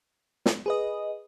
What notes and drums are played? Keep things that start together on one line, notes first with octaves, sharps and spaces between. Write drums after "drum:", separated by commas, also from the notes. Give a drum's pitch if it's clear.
drum: snare
G#4 B4 D#5